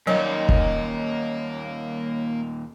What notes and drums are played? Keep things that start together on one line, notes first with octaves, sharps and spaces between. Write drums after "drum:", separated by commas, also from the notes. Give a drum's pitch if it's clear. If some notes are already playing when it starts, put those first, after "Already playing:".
D#2 A#2 D#3 F#3 A#3 C#4 D5 F5
drum: kick